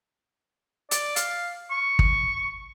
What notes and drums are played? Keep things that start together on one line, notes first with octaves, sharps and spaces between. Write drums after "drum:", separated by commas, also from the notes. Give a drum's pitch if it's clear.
D5, drum: hi-hat
F5, drum: hi-hat
C#6
drum: kick